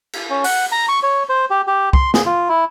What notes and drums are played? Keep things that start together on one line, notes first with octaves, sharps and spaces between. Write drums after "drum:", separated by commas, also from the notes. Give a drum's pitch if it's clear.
drum: cymbal
C#4
F#5, drum: open hi-hat
A#5
C#6
C#5
C5
G4
G4
C6, drum: kick
G#4, drum: snare
F4
E4